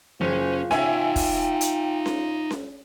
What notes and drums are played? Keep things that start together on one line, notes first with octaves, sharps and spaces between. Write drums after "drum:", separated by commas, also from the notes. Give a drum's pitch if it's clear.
F#1 C#4 F4 C5
D#4 C#5 E5 G5 G#5, drum: snare C#4
drum: kick, open hi-hat
drum: hi-hat
drum: snare C#4
drum: snare C#4